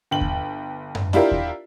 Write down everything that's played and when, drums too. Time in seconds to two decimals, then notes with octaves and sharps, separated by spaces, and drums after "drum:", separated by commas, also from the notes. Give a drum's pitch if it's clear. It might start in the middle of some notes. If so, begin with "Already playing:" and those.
0.11 G1 G5 F#7
0.21 drum: kick D#2
0.95 drum: tom F#2
1.13 D4 E4 F4 G4 A#4, drum: snare
1.32 drum: kick D#2